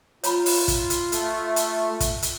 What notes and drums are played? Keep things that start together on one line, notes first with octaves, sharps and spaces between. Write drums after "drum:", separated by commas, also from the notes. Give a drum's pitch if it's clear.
F4 C#5 A#5 B5, drum: hi-hat
drum: open hi-hat
drum: kick, hi-hat
drum: hi-hat
A3, drum: hi-hat
drum: hi-hat
drum: kick, hi-hat
drum: hi-hat